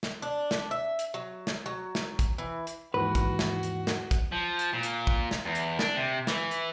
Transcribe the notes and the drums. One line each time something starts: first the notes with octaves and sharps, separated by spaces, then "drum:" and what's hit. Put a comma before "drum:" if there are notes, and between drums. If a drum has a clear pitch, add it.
drum: snare
D4
drum: snare
E5
drum: hi-hat
F#3
drum: snare
F#3
drum: snare
drum: kick, hi-hat
E3
drum: hi-hat
D#2 G#2 E3 F#4 B4
drum: kick, hi-hat
drum: snare
drum: hi-hat
drum: snare
drum: kick, hi-hat
F3
drum: hi-hat
A#2
drum: hi-hat
drum: kick
drum: snare
E2
drum: hi-hat
D4, drum: snare
C3
E3, drum: snare
drum: hi-hat